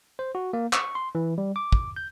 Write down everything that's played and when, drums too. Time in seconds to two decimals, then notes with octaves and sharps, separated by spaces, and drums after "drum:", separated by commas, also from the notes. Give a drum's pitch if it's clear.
0.19 C5
0.35 F#4
0.53 A#3
0.73 C#6, drum: clap
0.95 C6
1.15 E3
1.38 G3
1.56 D6
1.72 drum: kick
1.96 G6